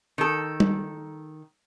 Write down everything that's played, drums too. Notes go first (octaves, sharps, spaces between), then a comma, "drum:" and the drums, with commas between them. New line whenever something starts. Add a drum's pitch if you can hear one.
D#3 A4
drum: tom G3